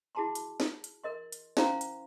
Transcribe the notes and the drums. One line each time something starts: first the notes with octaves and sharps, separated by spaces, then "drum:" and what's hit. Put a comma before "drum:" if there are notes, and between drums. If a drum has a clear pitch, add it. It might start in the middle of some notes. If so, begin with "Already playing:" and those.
E4 F#4 G#4 A5 B5 C6
drum: hi-hat
drum: snare
drum: hi-hat
A#4 D#5 C6
drum: hi-hat
C#4 E4 C5 F5 A#5 C6, drum: snare
drum: hi-hat